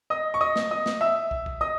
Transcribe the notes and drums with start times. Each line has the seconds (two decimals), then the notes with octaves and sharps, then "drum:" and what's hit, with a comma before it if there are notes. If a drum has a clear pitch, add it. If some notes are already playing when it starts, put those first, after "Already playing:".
0.10 D#5 D#6
0.34 C#6
0.41 D#5 D#6
0.56 drum: snare
0.71 D#5 D#6
0.86 drum: snare
1.01 E5 E6
1.31 drum: kick
1.46 drum: kick
1.61 D#5 D#6